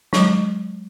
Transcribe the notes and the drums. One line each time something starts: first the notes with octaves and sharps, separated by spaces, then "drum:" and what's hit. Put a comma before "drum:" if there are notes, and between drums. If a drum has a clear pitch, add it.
F#3 G#3, drum: snare